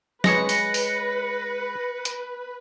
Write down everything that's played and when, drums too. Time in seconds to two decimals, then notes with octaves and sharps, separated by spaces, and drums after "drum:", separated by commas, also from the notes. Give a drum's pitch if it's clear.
0.24 G#3 G#4 B4 C#5 A#6 C#7, drum: snare
0.49 drum: open hi-hat
0.74 drum: open hi-hat
2.05 drum: hi-hat